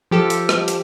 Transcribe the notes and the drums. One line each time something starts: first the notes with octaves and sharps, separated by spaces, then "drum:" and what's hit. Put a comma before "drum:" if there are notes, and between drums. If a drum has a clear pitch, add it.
F3 G4 A4
drum: hi-hat
drum: rim click
drum: hi-hat